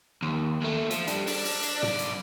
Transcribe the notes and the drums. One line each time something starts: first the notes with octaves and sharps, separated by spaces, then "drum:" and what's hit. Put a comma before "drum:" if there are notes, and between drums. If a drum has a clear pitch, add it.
D#2
D#2 A3
F3, drum: hi-hat
G3 D4, drum: hi-hat
D4, drum: open hi-hat
drum: open hi-hat
drum: hi-hat
B1 D5, drum: tom
drum: hi-hat